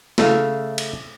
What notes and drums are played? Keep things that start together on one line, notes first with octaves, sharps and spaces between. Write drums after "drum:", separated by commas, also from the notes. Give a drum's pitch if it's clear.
C#3 A3 E5 F5, drum: snare
drum: cymbal